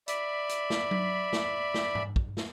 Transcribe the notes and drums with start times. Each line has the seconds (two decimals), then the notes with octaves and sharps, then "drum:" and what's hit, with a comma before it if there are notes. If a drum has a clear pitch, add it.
0.08 D5 E5 B5, drum: hi-hat
0.49 drum: hi-hat
0.70 drum: snare
0.91 drum: tom F#3
1.33 drum: snare
1.74 drum: snare
1.95 drum: tom G#2
2.16 drum: kick
2.37 drum: snare